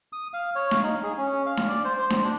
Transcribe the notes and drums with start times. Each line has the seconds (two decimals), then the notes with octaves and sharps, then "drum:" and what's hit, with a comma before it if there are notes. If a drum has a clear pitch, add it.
0.13 D#6
0.34 F5
0.55 C#5
0.71 F5, drum: snare D4
0.83 D#4
1.04 G#4
1.18 C#4
1.46 F5
1.57 drum: snare D4
1.68 D5
1.85 C5
1.98 C5
2.10 drum: snare D4
2.23 D4